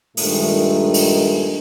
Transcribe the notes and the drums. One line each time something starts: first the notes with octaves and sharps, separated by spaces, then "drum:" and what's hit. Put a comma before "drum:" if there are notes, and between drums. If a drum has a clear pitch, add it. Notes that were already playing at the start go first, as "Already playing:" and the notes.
G2 A#2 D#3 G#3 A3, drum: open hi-hat
drum: open hi-hat